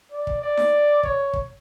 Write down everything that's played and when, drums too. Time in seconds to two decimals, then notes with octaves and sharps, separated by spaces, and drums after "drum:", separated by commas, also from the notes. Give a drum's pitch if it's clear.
0.12 D5
0.27 drum: kick
0.42 D5
0.57 drum: snare D#4
1.03 C#5, drum: kick
1.33 drum: kick